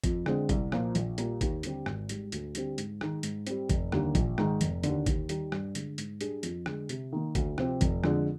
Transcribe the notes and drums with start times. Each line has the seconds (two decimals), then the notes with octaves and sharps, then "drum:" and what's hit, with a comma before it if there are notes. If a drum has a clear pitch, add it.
0.04 F2, drum: kick, hi-hat
0.26 D3 G#3 C4, drum: rim click
0.49 C2, drum: kick, hi-hat
0.72 A#2 F3 A#3, drum: rim click
0.95 A#1, drum: hi-hat
1.18 A#2 G3 A#3, drum: hi-hat
1.41 D#2, drum: kick, hi-hat
1.63 D3 G3 C4 G4, drum: hi-hat
1.86 G#1, drum: rim click
2.09 G#2 G3, drum: hi-hat
2.32 D2, drum: hi-hat
2.55 D3 G3 C4 G4, drum: hi-hat
2.78 G#2, drum: hi-hat
3.01 D#3 G#3, drum: rim click
3.23 G#2, drum: hi-hat
3.47 G3 C4, drum: hi-hat
3.69 F1, drum: kick, hi-hat
3.92 D#2 D3 G3 A#3, drum: rim click
4.15 A#1, drum: kick, hi-hat
4.38 G#2 D#3 G#3, drum: rim click
4.61 F1, drum: hi-hat
4.83 D#2 D3, drum: hi-hat
5.06 D#2, drum: kick, hi-hat
5.29 D#3 G3, drum: hi-hat
5.52 G2, drum: rim click
5.75 D3 G#3, drum: hi-hat
5.98 G#2, drum: hi-hat
6.21 G3 D4 G#4, drum: hi-hat
6.43 F2, drum: hi-hat
6.66 D3 G#3, drum: rim click
6.89 C3, drum: hi-hat
7.12 D#3 A#3
7.35 D2, drum: kick, hi-hat
7.58 C3 F3 C4 G4, drum: rim click
7.81 F1, drum: kick, hi-hat
8.04 F2 D3 G#3, drum: rim click